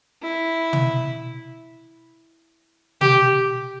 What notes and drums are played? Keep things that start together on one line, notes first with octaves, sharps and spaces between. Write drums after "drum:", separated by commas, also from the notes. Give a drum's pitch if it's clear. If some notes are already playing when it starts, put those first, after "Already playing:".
E4
drum: tom
G4, drum: tom